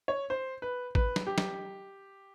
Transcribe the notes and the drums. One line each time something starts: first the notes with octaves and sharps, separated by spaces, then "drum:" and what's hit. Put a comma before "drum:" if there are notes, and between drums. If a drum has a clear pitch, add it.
C#5
C5
B4
B4, drum: kick
drum: snare
G4
drum: snare